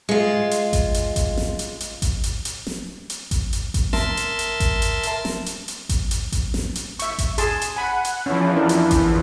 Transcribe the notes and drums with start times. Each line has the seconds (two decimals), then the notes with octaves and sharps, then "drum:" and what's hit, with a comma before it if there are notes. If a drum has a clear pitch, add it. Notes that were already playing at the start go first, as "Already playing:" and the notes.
0.09 G#3 F4
0.51 drum: hi-hat
0.73 drum: kick G#1, hi-hat
0.94 drum: hi-hat
1.16 drum: kick G#1, hi-hat
1.37 drum: snare
1.59 drum: hi-hat
1.80 drum: hi-hat
2.02 drum: kick G#1, hi-hat
2.24 drum: hi-hat
2.45 drum: hi-hat
2.67 drum: snare
3.10 drum: hi-hat
3.31 drum: kick G#1, hi-hat
3.53 drum: hi-hat
3.74 drum: kick G#1, hi-hat
3.93 A#4 E5 A5 C6, drum: snare
4.17 drum: hi-hat
4.39 drum: hi-hat
4.60 drum: kick G#1, hi-hat
4.82 drum: hi-hat
5.03 drum: hi-hat
5.25 drum: snare
5.46 drum: hi-hat
5.68 drum: hi-hat
5.89 drum: kick G#1, hi-hat
6.11 drum: hi-hat
6.32 drum: kick G#1, hi-hat
6.54 drum: snare
6.75 drum: hi-hat
6.99 E5 C#6, drum: hi-hat
7.18 drum: kick G#1, hi-hat
7.38 G#4 A5 C6, drum: hi-hat
7.62 drum: hi-hat
7.76 F#5 G#5 B5
8.05 drum: hi-hat
8.26 E2 E3 F3 C#4
8.56 D4 A#4
8.69 drum: hi-hat
8.91 drum: kick G#1, hi-hat